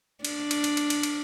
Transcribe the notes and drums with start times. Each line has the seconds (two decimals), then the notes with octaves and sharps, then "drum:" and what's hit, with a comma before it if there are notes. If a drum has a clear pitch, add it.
0.25 D4, drum: cymbal
0.51 drum: cymbal
0.64 drum: cymbal
0.77 drum: cymbal
0.90 drum: cymbal
1.03 drum: cymbal